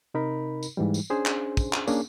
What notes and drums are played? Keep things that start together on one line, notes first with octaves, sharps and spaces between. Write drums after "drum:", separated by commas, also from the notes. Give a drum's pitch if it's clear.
C3 D#4 A#4 B5
drum: tambourine
G#2 E3 G3
drum: tambourine
C#4 D4 G#4 C5
drum: clap
drum: kick, tambourine
drum: clap
A#3 C#4 D4 G#4, drum: tambourine